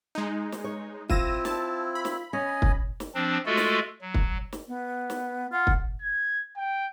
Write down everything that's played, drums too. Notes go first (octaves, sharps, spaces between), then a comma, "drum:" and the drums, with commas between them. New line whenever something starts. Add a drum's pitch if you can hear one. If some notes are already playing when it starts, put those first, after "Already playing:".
G#3 D#4
drum: snare
C#5
C4 E4 F4 A#6 D#7 E7, drum: kick
A5, drum: snare
B5
drum: snare
C#4 D#5 G#5
drum: kick
drum: snare
F3 C4 D4
G#3 A3 F4 F#4 A4
drum: snare
F#3
drum: kick
drum: snare
B3
drum: snare
F4 F#5
drum: kick
G#6
G5